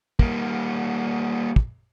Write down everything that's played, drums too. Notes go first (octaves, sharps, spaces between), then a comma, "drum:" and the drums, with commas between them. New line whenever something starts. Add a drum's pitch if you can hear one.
G3 A#3, drum: kick
drum: kick